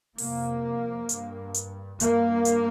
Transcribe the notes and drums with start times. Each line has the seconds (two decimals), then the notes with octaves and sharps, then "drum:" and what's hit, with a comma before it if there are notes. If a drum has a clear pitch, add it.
0.18 F2 C3 A#3, drum: open hi-hat
1.09 G2, drum: hi-hat
1.55 drum: hi-hat
2.00 G2 A#3, drum: hi-hat
2.45 drum: hi-hat